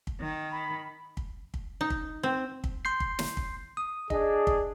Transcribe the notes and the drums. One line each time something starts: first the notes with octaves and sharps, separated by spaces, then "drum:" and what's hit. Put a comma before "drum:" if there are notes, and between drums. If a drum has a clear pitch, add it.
drum: kick
D#3
B5
drum: kick
drum: kick
D#4
drum: kick
C4
drum: kick
C6 G6 C7
drum: kick
drum: snare
drum: kick
D#6
D4 G#4 D#5, drum: kick
drum: kick